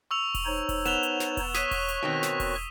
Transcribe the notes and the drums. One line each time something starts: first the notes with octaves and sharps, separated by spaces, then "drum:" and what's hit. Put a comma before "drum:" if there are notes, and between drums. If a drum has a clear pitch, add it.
C#6 E6 F7
drum: kick E1, open hi-hat
D#4 C5 C#5
drum: kick E1, open hi-hat
B3 E7 F7 G7, drum: hi-hat
drum: hi-hat
drum: snare
drum: kick E1, open hi-hat
C#5 C#6 D#6 F#6 B6 D#7, drum: snare
drum: kick E1, open hi-hat
drum: hi-hat
B2 D#3 C4
drum: snare
drum: kick E1, open hi-hat